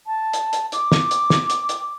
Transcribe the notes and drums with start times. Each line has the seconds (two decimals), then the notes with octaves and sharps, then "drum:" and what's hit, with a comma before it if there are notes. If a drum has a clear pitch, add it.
0.06 A5
0.33 drum: hi-hat
0.53 drum: hi-hat
0.72 D6, drum: hi-hat
0.92 drum: snare
1.11 drum: hi-hat
1.30 drum: snare
1.50 drum: hi-hat
1.69 drum: hi-hat